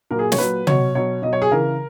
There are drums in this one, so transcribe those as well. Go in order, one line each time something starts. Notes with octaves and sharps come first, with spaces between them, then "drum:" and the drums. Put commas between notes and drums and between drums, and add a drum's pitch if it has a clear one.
A#2 F#3 A#4
G#4
C#5, drum: snare
A#2 F#3 B4
B2 F#3 C#5, drum: tom
B2 F#3 C#5
B2 F#3 D#5
C#5
G#4
C#3 E3 A#4